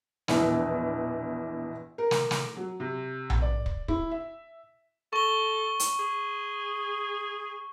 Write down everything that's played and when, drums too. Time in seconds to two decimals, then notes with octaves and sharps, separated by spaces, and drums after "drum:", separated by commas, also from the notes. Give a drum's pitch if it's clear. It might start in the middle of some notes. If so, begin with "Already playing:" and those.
0.28 A#1 E2 B2 E3, drum: snare
1.98 A#4
2.11 drum: snare
2.31 drum: snare
2.57 F#3
2.80 C3
3.30 drum: tom A#1
3.42 D5
3.66 drum: kick
3.88 E4, drum: kick
4.11 E5
5.13 A4 C#6 G7
5.80 drum: hi-hat
5.99 G#4